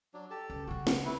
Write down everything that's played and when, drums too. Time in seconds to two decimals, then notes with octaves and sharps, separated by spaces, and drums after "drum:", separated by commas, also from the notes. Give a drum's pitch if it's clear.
0.14 F#3 D4
0.31 G4 A4 A5
0.50 C#2
0.67 C#3 C#4 F#4
0.87 drum: snare
1.05 G3 E4 B4